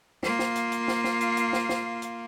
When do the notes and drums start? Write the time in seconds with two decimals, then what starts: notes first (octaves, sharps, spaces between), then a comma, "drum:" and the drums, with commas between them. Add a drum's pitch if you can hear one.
0.23 A#3 F4, drum: snare
0.39 drum: snare
0.56 drum: hi-hat
0.72 drum: hi-hat
0.88 drum: snare
1.04 drum: snare
1.21 drum: hi-hat
1.37 drum: hi-hat
1.53 drum: snare
1.69 drum: snare
2.02 drum: hi-hat